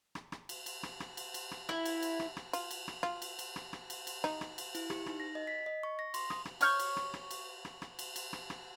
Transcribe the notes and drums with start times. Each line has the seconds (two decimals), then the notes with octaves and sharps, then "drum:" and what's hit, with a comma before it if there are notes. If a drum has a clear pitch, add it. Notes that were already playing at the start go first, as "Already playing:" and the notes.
0.15 drum: rim click
0.32 drum: rim click
0.49 drum: cymbal
0.66 drum: cymbal
0.83 drum: rim click
1.00 drum: rim click
1.17 drum: cymbal
1.34 drum: cymbal
1.51 drum: rim click
1.69 E4, drum: rim click
1.85 drum: cymbal
2.02 drum: cymbal
2.20 drum: rim click
2.37 drum: rim click
2.53 F4, drum: cymbal
2.71 drum: cymbal
2.88 drum: rim click
3.03 F4, drum: rim click
3.22 drum: cymbal
3.39 drum: cymbal
3.56 drum: rim click
3.73 drum: rim click
3.90 drum: cymbal
4.07 drum: cymbal
4.24 D#4, drum: rim click
4.41 drum: rim click
4.58 drum: cymbal
4.75 E4, drum: cymbal
4.90 G4, drum: rim click
5.06 D#4, drum: rim click
5.20 A#6
5.35 D#5
5.47 B6
5.66 D#5
5.83 C#6
5.99 A#6
6.14 C6, drum: cymbal
6.30 D#6, drum: rim click
6.45 drum: rim click
6.61 C#5 C#6 F6 G6, drum: cymbal
6.79 drum: cymbal
6.96 drum: rim click
7.14 drum: rim click
7.31 drum: cymbal
7.65 drum: rim click
7.82 drum: rim click
7.99 drum: cymbal
8.16 drum: cymbal
8.33 drum: rim click
8.50 drum: rim click